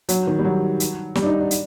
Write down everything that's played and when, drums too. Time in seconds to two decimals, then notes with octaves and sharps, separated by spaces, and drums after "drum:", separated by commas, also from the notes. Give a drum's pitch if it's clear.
0.09 F#3, drum: hi-hat
0.27 D#3
0.39 G3
0.45 F#3
0.80 drum: hi-hat
1.15 G3, drum: snare
1.22 D4
1.27 D#4
1.39 D4
1.51 drum: hi-hat